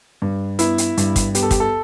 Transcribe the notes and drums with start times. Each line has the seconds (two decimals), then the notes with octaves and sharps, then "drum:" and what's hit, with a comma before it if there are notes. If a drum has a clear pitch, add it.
0.22 G2
0.59 B3 E4, drum: hi-hat
0.78 drum: hi-hat
0.98 G2, drum: hi-hat
1.16 drum: kick, hi-hat
1.35 B3 G4, drum: hi-hat
1.43 A4
1.51 G4, drum: kick, hi-hat
1.60 A4